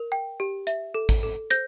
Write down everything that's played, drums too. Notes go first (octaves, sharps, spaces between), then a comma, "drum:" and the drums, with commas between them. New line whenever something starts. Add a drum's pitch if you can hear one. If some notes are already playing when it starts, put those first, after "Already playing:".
Already playing: A#4
G5
G4
E5, drum: hi-hat
A4
drum: kick, hi-hat
A4
C5 G6 A#6, drum: hi-hat